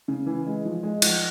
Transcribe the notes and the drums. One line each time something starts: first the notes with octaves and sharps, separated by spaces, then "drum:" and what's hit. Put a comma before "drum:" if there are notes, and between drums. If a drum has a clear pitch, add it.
C#3
E3
G#3
F3
G#3
F3, drum: cymbal